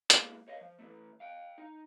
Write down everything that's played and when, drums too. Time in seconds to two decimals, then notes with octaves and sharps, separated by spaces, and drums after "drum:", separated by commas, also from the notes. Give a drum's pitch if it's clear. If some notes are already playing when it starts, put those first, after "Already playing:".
0.10 G#3 A#3 B3 E4 F4 G#4, drum: hi-hat
0.48 C#5 D#5 F5
0.61 F3
0.79 E3 F#3 A3
1.20 F5 G5
1.58 D#4